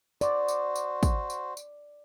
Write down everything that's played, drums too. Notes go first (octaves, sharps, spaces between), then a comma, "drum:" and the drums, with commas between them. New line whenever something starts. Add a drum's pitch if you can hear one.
F#4 C5 D5, drum: tambourine
drum: tambourine
drum: tambourine
drum: kick, tambourine
drum: tambourine
drum: tambourine